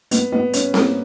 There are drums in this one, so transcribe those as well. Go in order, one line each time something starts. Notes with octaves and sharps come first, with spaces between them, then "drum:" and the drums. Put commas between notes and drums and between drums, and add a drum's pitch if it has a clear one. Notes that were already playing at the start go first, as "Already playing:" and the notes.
B3, drum: hi-hat
B3
C#4, drum: hi-hat
A#3, drum: snare C4